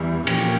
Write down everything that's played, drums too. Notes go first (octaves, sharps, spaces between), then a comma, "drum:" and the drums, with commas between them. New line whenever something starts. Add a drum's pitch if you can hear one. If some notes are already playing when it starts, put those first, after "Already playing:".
Already playing: E2 E3 G3
A#2 F3 C#4 G4, drum: cymbal